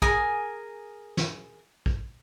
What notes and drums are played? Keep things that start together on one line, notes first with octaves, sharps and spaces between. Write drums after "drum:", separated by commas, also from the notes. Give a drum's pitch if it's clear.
G#4 A#4 G#5 D#6, drum: kick
drum: snare
drum: kick